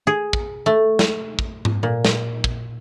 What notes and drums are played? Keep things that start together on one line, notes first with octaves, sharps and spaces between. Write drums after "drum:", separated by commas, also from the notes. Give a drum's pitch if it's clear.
G#4
drum: kick
A3
drum: snare
drum: kick
drum: tom G#2
A#2
drum: snare
drum: kick